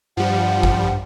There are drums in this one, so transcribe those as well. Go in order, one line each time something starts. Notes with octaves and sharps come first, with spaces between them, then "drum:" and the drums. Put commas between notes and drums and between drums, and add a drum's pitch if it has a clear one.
G2 F3 G3 F#5
drum: kick G1